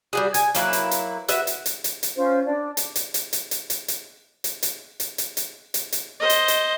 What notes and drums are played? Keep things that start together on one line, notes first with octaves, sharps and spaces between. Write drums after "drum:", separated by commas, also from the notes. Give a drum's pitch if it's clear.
G3 F#4 G#4
G#5, drum: hi-hat
F#3 A#3 E4 B4, drum: hi-hat
drum: hi-hat
drum: hi-hat
F#4 B4 E5, drum: hi-hat
drum: hi-hat
drum: hi-hat
drum: hi-hat
drum: hi-hat
C#4 F4 C5
D4 D5
drum: hi-hat
drum: hi-hat
drum: hi-hat
drum: hi-hat
drum: hi-hat
drum: hi-hat
drum: hi-hat
drum: hi-hat
drum: hi-hat
drum: hi-hat
drum: hi-hat
drum: hi-hat
drum: hi-hat
drum: hi-hat
C5 D#5
drum: hi-hat
drum: hi-hat